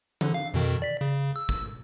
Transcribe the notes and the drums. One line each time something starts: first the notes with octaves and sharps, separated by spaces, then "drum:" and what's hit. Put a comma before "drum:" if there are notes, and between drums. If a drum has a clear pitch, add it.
D3, drum: tom E3
F5
F2 B2 D#3
D5 B6
C#3
E6
drum: kick